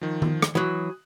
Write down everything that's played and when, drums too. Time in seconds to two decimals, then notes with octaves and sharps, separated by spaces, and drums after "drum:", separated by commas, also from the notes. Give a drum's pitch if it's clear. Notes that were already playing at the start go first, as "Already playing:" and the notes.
0.01 D#3 F3
0.22 drum: tom D#3
0.42 drum: rim click
0.55 E3 F#3 D#6 F#6